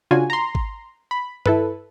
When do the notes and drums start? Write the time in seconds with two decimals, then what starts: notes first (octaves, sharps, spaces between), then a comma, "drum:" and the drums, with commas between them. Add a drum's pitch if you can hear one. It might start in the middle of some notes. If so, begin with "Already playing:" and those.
0.11 C#3 D4 F4 F#4 G#5
0.30 A#5 C6
0.55 drum: kick G#1
1.11 B5
1.46 E4 A4 B4, drum: tom G2